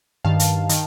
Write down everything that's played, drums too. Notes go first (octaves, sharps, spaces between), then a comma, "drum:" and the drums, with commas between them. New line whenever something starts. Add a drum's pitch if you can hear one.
G2 D#3 F5 A5
drum: hi-hat
D#3, drum: hi-hat